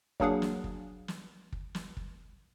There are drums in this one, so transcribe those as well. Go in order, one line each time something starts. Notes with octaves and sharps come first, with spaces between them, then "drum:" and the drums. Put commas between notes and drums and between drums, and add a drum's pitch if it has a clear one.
F#3 A#3 D4 G#4 F5 F#5, drum: kick
drum: snare
drum: kick
drum: snare
drum: kick
drum: snare
drum: kick